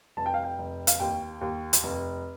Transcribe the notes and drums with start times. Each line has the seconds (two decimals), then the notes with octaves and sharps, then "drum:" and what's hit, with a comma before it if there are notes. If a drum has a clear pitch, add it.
0.17 F1 A5
0.26 G5
0.34 F5
0.43 G5
0.58 F1
0.87 F5, drum: hi-hat
1.00 D#2 G5
1.41 D#2
1.73 drum: hi-hat
1.83 F1